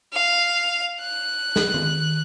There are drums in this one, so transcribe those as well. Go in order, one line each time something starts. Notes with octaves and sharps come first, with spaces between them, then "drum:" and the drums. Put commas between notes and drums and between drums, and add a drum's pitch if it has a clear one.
F5
F#6
drum: snare G#4
drum: tom D#3